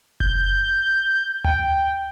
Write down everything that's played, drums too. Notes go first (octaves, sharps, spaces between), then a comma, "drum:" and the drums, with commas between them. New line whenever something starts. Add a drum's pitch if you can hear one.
G6, drum: kick F#1
G5, drum: tom D2